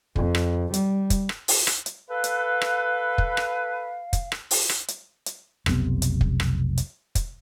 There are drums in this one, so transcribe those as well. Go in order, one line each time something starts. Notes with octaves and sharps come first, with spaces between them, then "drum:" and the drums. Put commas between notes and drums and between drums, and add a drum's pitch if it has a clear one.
F2, drum: kick
drum: rim click
G3, drum: hi-hat
drum: kick, hi-hat
drum: rim click
drum: open hi-hat
drum: rim click
drum: hi-hat
A4 B4 F5
drum: hi-hat
drum: rim click
drum: kick
drum: rim click
drum: kick, hi-hat
drum: rim click
drum: open hi-hat
drum: rim click
drum: hi-hat
drum: hi-hat
F1 B1 C3 B3, drum: rim click
drum: hi-hat
drum: kick
drum: rim click
drum: hi-hat
drum: kick, hi-hat